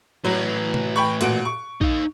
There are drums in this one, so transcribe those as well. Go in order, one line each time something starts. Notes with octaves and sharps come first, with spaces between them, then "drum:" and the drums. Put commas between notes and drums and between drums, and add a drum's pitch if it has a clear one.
A2 F#3 B4
drum: tom C3
G5 B5 C#6
A#2 F#4 D7, drum: hi-hat
C#6
D#4 F5, drum: kick